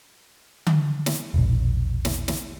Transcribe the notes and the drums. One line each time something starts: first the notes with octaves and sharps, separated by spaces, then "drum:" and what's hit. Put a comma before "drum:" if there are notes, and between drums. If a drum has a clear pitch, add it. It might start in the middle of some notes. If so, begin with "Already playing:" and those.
drum: tom D3
drum: snare
E1 A#1
drum: snare
drum: snare